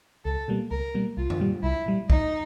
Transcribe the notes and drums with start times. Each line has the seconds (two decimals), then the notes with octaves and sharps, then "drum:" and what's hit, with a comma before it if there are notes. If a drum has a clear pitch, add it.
0.25 C#2 A4
0.48 B2 G3 A#3
0.71 C#2 A#4
0.95 B2 G3 A#3
1.17 C2 F4
1.30 drum: tom F#2
1.40 A#2 G3
1.63 C2 E4
1.86 A#2 G3
2.10 A2 D#4, drum: kick